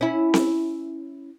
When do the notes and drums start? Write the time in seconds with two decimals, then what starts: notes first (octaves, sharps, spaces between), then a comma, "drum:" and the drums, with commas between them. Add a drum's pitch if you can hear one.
0.01 C#4 E4
0.34 drum: snare C4